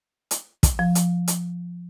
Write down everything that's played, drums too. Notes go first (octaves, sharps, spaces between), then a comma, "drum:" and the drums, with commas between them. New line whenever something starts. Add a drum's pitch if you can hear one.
drum: hi-hat
drum: kick, hi-hat
F3
drum: hi-hat
drum: hi-hat